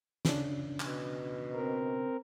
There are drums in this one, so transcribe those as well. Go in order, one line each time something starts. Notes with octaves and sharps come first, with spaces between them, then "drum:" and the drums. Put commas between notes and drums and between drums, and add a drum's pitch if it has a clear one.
C#3 C#4 D4, drum: snare
B2, drum: clap
C4 A#4